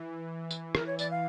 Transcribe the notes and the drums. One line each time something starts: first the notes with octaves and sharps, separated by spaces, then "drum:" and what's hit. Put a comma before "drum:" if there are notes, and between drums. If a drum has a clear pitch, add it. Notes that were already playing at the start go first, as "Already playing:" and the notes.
Already playing: E3
drum: tambourine
E3 A#4, drum: rim click
C#5
D5, drum: tambourine
F5